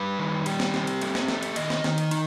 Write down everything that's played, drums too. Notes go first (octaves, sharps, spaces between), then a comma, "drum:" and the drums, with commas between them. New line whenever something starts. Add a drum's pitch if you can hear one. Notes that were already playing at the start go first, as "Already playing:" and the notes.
Already playing: G3 B4
D#3
G3 G4, drum: cymbal
drum: snare
C4, drum: snare
drum: cymbal
A3, drum: cymbal
drum: snare
A3, drum: snare
drum: cymbal
D#3 D#5, drum: cymbal
drum: snare
D#3, drum: snare
drum: cymbal
D#4, drum: cymbal